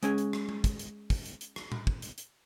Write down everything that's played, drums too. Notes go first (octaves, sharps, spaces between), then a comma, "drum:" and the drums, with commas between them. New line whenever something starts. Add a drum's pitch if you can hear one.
G#3 C#4 G#5, drum: hi-hat
drum: hi-hat
drum: rim click
drum: tom G#3
drum: kick, hi-hat
drum: hi-hat
drum: kick, open hi-hat
drum: hi-hat
drum: hi-hat
drum: rim click
drum: tom A#2
drum: kick
drum: hi-hat
drum: hi-hat